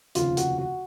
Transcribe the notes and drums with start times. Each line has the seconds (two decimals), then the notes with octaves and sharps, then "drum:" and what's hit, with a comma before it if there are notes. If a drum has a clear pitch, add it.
0.15 F1 D#2 C#3 F3 F4, drum: hi-hat
0.37 F#4, drum: hi-hat
0.58 F#4